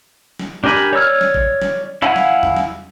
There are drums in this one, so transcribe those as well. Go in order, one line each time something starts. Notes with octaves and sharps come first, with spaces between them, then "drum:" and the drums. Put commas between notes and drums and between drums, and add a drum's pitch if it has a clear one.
drum: snare
D4 G4 A#4 G#5 B5
C#5 D5 E6 F6
drum: snare
drum: kick
drum: snare
E4 F5 F#5 G#5 B5
drum: snare
drum: tom E2
drum: snare